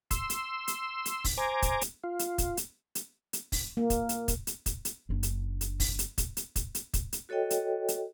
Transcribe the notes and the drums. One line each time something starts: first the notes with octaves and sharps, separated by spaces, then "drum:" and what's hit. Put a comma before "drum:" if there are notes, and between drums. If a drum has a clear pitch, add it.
C6 E6, drum: kick, hi-hat
drum: hi-hat
drum: hi-hat
drum: hi-hat
drum: kick, open hi-hat
C5 G#5 A#5 D6
drum: kick, hi-hat
drum: hi-hat
F4
drum: hi-hat
drum: kick, hi-hat
drum: hi-hat
drum: hi-hat
drum: hi-hat
drum: kick, open hi-hat
A#3
drum: kick, hi-hat
drum: hi-hat
drum: kick, hi-hat
drum: hi-hat
drum: kick, hi-hat
drum: hi-hat
F#1 D4
drum: hi-hat
drum: hi-hat
drum: kick, open hi-hat
drum: hi-hat
drum: kick, hi-hat
drum: hi-hat
drum: kick, hi-hat
drum: hi-hat
drum: kick, hi-hat
drum: hi-hat
F#4 A4 C#5 D#5 G5
drum: hi-hat
drum: hi-hat